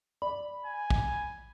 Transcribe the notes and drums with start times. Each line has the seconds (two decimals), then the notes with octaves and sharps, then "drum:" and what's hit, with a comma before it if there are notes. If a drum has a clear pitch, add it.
0.22 D5 B5
0.66 G#5
0.90 drum: kick A1